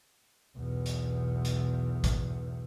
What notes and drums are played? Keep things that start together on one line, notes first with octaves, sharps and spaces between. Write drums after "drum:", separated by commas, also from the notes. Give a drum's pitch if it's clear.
B1 E2
drum: hi-hat
drum: hi-hat
drum: kick, hi-hat